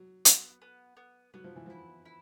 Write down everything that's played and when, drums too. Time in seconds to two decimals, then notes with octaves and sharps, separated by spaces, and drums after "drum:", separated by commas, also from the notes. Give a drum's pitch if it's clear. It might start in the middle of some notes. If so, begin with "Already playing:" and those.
Already playing: F#3
0.25 B3, drum: hi-hat
0.62 B3
0.97 B3
1.34 F#3 B3
1.44 F3
1.56 E3
1.66 F3 E4
2.05 E4